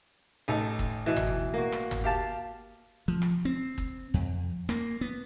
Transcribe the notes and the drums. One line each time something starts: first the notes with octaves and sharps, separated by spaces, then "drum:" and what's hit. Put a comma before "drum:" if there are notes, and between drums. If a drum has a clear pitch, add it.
A1 D#4 A4
drum: kick
B2 E3
drum: tom G1
A#3 F#4
drum: rim click
drum: tom G1
G4 F5 A5
F3
drum: rim click
C4
drum: kick
F2
A#3, drum: rim click
B3